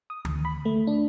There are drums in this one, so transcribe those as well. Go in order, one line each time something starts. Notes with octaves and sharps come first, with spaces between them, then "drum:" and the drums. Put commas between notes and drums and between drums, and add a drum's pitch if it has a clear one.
D#6
D2, drum: tom D#3
B5
A3
D4